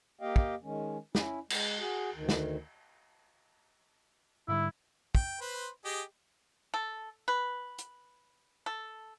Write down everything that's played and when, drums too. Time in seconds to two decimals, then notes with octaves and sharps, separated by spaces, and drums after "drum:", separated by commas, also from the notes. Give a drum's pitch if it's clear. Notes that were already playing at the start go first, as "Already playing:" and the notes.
0.21 A#3 G4 D#5 F5 G5
0.36 drum: kick
0.63 D#3 G#3 C#4
1.15 C#4 E4, drum: snare
1.50 G#3, drum: cymbal
1.79 F#4 G#4
2.14 D2 D#3
2.29 drum: snare
4.48 G#2 D3 G3 E4
5.15 G5, drum: kick
5.41 B4 C5 C6
5.85 G4 G#4 D#5
6.74 A4
7.28 B4
7.78 drum: hi-hat
8.66 A4